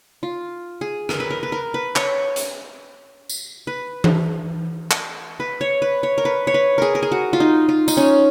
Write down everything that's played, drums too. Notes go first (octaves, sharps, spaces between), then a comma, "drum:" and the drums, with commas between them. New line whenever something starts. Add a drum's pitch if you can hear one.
F4
G#4
A#4, drum: rim click
B4
A#4
B4
A#4
B4
C#5, drum: clap
drum: hi-hat
drum: tambourine
B4
drum: tom E3
drum: clap
B4
C#5
B4
C#5
A#4
B4
C#5
B4
G#4 A#4
A#4
G#4
F#4
F4
D#4
F4
D#4, drum: tambourine
C#4